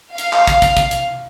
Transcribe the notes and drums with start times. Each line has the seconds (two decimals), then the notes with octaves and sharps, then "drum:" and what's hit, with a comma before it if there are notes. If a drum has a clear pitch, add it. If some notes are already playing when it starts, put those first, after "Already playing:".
0.18 F5, drum: hi-hat
0.33 drum: clap
0.47 drum: kick, hi-hat
0.62 drum: kick, hi-hat
0.77 drum: kick, hi-hat
0.91 drum: hi-hat